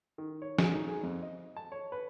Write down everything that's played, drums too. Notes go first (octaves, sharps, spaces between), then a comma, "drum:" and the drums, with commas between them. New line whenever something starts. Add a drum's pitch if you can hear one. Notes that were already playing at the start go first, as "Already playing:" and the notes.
D#3
C#5
G#4, drum: snare
D#4
G#4
F2
D#5
A5
C#5
B4